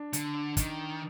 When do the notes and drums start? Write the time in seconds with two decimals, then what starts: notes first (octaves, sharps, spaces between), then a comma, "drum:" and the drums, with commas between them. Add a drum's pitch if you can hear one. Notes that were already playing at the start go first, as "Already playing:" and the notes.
Already playing: D4
0.13 D3, drum: hi-hat
0.57 D#3, drum: kick, hi-hat